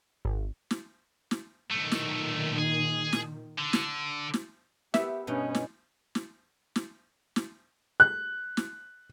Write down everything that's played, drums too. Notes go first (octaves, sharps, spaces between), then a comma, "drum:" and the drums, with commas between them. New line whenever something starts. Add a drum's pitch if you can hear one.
G#1
drum: snare
drum: snare
B1 A#2 D#3 A3
drum: snare
G#4
drum: snare
D3
drum: snare
drum: snare
B3 G4 E5, drum: snare
G2 B2 C#4 D#4
drum: snare
drum: snare
drum: snare
drum: snare
F#6
drum: snare